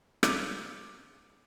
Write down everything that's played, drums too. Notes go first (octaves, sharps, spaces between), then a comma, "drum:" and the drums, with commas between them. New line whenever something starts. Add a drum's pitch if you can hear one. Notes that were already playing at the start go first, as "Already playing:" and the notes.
D6, drum: rim click